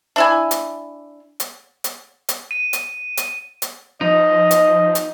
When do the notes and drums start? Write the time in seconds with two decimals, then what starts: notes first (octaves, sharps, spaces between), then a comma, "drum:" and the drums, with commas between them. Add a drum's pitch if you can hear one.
0.16 D4 E4 G#5
0.51 drum: hi-hat
1.40 drum: hi-hat
1.84 drum: hi-hat
2.29 drum: hi-hat
2.51 D#7
2.73 drum: hi-hat
3.17 drum: hi-hat
3.62 drum: hi-hat
4.01 F3 D#4 D#5
4.51 drum: hi-hat
4.95 drum: hi-hat